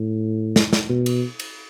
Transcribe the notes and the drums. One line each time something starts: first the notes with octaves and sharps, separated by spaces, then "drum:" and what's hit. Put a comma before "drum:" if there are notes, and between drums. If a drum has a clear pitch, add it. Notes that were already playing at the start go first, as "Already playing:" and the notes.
Already playing: A2
drum: snare
drum: snare
B2
drum: cymbal
drum: cymbal